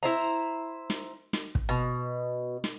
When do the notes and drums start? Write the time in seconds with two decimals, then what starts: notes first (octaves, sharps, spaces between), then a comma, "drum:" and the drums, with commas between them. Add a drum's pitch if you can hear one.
0.03 E4 C5 A#5
0.90 drum: snare
1.33 drum: snare
1.55 drum: kick
1.69 B2
2.64 drum: snare